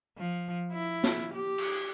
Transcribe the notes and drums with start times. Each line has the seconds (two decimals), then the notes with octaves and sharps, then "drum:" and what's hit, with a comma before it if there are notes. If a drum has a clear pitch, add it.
0.17 F3
0.72 E4
1.04 drum: snare
1.33 G4
1.58 drum: cymbal